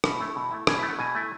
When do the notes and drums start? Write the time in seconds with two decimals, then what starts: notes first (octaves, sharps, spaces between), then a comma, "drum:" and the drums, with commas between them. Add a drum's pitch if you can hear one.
0.04 B2 E5, drum: rim click
0.20 A3 E4
0.36 B2
0.51 A3 E4
0.67 B2 G#5, drum: rim click
0.79 E5
0.83 A3 E4
0.89 F#5
0.99 B2 G#5
1.15 A3 E4